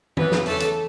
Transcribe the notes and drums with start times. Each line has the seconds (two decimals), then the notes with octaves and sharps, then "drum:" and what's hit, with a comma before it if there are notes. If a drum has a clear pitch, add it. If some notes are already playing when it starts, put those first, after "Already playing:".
0.17 F#2 C#3 E3 B3 B4, drum: tom
0.32 drum: snare
0.46 E2 C#3 E3 A3 A4, drum: open hi-hat
0.60 drum: hi-hat